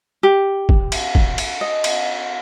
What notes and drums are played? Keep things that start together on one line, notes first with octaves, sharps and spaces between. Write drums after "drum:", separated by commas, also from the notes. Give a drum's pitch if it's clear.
G4
drum: kick
drum: cymbal
drum: kick
drum: cymbal
D#5
drum: cymbal